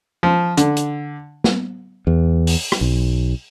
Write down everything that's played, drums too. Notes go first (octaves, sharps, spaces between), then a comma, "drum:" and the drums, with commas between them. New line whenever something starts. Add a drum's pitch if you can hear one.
F3
D3, drum: hi-hat
drum: hi-hat
drum: snare
E2
drum: open hi-hat
drum: rim click
B1